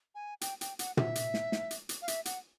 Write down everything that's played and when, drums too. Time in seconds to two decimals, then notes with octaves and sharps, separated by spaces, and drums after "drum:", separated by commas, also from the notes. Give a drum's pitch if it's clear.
0.15 G#5
0.41 G5, drum: hi-hat
0.61 G5, drum: hi-hat
0.79 F#5, drum: hi-hat
0.97 E5, drum: tom
1.15 drum: hi-hat
1.34 drum: snare
1.52 drum: snare
1.71 drum: hi-hat
1.89 drum: hi-hat
2.02 F5
2.08 E5, drum: hi-hat
2.25 F#5, drum: hi-hat